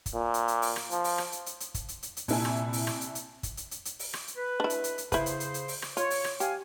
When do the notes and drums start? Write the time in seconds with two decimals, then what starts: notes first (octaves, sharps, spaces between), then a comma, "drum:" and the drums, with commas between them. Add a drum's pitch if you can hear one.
0.06 drum: kick, hi-hat
0.15 A#2
0.34 drum: hi-hat
0.48 drum: hi-hat
0.62 drum: open hi-hat
0.76 drum: rim click
0.91 F3, drum: hi-hat
1.04 drum: open hi-hat
1.18 drum: rim click
1.32 drum: hi-hat
1.46 drum: hi-hat
1.60 drum: hi-hat
1.74 drum: kick, hi-hat
1.89 drum: hi-hat
2.03 drum: hi-hat
2.17 drum: hi-hat
2.28 C2 A#2 E4 G#5, drum: open hi-hat
2.45 drum: rim click
2.73 drum: open hi-hat
2.87 drum: rim click
3.01 drum: hi-hat
3.15 drum: hi-hat
3.43 drum: kick, hi-hat
3.57 drum: hi-hat
3.71 drum: hi-hat
3.85 drum: hi-hat
3.99 drum: open hi-hat
4.13 drum: rim click
4.28 drum: hi-hat
4.37 B4
4.60 D4 E4
4.70 drum: hi-hat
4.84 drum: hi-hat
4.98 drum: hi-hat
5.12 C#3 E4 B4 C5, drum: kick, hi-hat
5.26 drum: hi-hat
5.40 drum: hi-hat
5.54 drum: hi-hat
5.68 drum: open hi-hat
5.82 drum: rim click
5.97 F4 C#5, drum: hi-hat
6.10 drum: open hi-hat
6.24 drum: rim click
6.40 G4 F5 G#5, drum: hi-hat